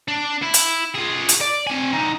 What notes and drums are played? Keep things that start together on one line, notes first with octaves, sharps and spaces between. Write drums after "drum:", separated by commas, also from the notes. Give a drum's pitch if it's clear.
D4
E4
drum: hi-hat
F4 G#4
drum: hi-hat
D5
C4 G#5
D3 D#4